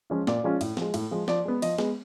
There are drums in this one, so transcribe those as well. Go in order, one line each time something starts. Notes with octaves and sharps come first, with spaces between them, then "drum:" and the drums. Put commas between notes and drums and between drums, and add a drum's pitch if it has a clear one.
F3 G#3 C#4 F4
A#2 D5, drum: snare
F3 G#3 C#4 F4
A2, drum: cymbal
F3 G#3, drum: snare
A2, drum: cymbal
F3 G#3
F3 D5, drum: snare
G#3 B3
F3 D#5, drum: cymbal
G#3 B3, drum: snare